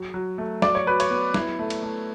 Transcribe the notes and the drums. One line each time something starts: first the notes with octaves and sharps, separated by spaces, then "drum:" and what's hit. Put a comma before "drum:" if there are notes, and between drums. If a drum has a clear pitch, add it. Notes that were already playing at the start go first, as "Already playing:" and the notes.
Already playing: F#3
F#3
A3
F#3 D5, drum: snare
C#5
F#3 B4
C#5, drum: cymbal
B3
E4, drum: snare
A3
drum: cymbal
A3